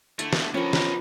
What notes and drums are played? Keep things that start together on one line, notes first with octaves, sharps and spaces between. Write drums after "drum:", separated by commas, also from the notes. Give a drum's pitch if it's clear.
D3 A3 E4, drum: hi-hat
drum: snare
F3 A#3 B3 C#4 D#4 C#5 G5
drum: snare